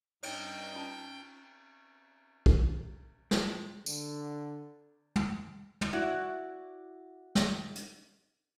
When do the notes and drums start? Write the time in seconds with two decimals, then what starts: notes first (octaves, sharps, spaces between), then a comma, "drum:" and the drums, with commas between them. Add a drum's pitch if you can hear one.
0.23 G2 D#4 C#5 G5, drum: cymbal
0.75 C#4 F4 A5
2.46 drum: kick
3.31 F3 G#3 A#3 C4, drum: snare
3.86 D3, drum: tambourine
5.16 drum: tom
5.81 drum: tom
5.93 E4 F#4 D5
7.35 drum: snare
7.75 drum: hi-hat